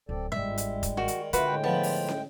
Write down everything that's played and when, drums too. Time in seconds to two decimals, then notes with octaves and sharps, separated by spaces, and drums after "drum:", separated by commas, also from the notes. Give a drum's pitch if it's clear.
0.09 D1 C4 A4 D5
0.32 G1 G#2 G3 G#3 E5
0.58 drum: hi-hat
0.83 drum: kick F1, hi-hat
0.97 D#3 F#4
1.08 drum: hi-hat
1.33 D3 A3 F4 F#4 B4, drum: hi-hat
1.47 A2 G#3 G5
1.64 F3 B3 A5
1.83 drum: open hi-hat
2.08 drum: snare